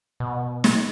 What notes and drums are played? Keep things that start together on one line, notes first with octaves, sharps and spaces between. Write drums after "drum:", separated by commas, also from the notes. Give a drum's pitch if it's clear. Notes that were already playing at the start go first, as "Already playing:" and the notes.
B2
drum: snare